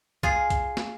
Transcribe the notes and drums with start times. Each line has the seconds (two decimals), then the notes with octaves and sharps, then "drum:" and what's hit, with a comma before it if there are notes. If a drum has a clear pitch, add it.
0.23 F4 G#4, drum: kick B1
0.50 drum: kick B1, hi-hat
0.77 drum: snare